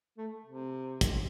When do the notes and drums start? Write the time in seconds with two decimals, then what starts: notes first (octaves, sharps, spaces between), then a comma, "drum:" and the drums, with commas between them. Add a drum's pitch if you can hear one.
0.18 A3
0.46 C3
1.01 drum: kick, hi-hat